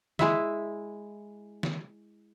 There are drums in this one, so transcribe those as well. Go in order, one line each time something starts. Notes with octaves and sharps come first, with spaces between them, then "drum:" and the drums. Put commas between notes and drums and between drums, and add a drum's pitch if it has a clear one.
G#3 E4 E5, drum: snare D#3
drum: snare D#3